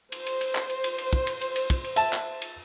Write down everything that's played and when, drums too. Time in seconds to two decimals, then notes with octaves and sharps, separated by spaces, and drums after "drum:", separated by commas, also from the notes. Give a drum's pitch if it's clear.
0.12 C5, drum: cymbal
0.27 drum: cymbal
0.41 drum: cymbal
0.55 drum: clap
0.70 drum: cymbal
0.84 drum: cymbal
0.98 drum: cymbal
1.13 drum: kick
1.27 drum: cymbal
1.41 drum: cymbal
1.56 drum: cymbal
1.70 drum: kick, cymbal
1.84 drum: cymbal
1.96 E5 A5, drum: cymbal
2.13 drum: clap
2.42 drum: cymbal